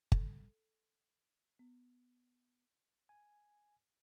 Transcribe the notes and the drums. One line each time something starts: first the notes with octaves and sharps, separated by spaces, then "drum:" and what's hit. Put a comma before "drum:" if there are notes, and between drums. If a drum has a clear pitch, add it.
A4, drum: kick G1
B3
G#5